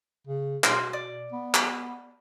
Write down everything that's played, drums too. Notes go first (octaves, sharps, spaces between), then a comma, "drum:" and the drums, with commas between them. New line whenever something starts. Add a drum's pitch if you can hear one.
C#3
B2 C6 F6, drum: clap
D5
B3
drum: clap